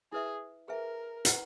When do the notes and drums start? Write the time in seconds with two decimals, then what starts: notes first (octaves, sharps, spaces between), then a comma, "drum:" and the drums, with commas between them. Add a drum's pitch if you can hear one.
0.12 E4 G#4 B4 E5
0.68 G#4 A#4 B4 E5 G#5
1.25 C#4 E4 B4 F#5 A#5, drum: hi-hat